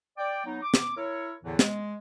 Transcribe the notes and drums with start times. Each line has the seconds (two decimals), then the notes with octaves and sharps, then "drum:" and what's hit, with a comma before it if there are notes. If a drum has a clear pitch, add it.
0.17 D5 G5
0.46 F#3 B3 D#4
0.63 D6
0.74 drum: snare
0.96 E4 A#4 C#5
1.43 E2 A2 D3 E3
1.59 G#3, drum: snare